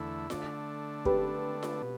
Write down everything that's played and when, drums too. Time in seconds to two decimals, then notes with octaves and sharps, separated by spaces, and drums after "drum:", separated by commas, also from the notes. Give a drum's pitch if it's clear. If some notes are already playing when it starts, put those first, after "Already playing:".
Already playing: E2 D3 A3 E4
0.30 D3 A3 D4, drum: snare F4
1.05 G4 B4, drum: kick
1.63 drum: snare F4
1.82 B2